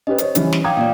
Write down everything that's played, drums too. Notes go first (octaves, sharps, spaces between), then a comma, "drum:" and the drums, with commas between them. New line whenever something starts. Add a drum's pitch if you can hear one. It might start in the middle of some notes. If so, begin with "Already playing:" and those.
C#4 G4 B4 D#5
C5 C#5, drum: hi-hat
E3 G3 C#4, drum: hi-hat
drum: snare
F5 G5 A#5 D6 D#6 G#6
A#2 D5 F5